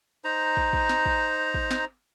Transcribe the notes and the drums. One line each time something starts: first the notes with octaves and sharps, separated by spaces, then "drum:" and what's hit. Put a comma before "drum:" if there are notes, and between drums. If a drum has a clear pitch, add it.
D#4 C5 A#5
drum: kick
drum: kick
drum: snare
drum: kick
drum: kick
drum: snare